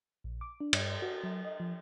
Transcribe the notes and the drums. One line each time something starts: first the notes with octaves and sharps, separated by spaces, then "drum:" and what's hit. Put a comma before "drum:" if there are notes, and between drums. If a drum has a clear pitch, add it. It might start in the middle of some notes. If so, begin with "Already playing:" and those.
A#1
D6
D4
G2, drum: cymbal
F#4
F#3
D#5
F3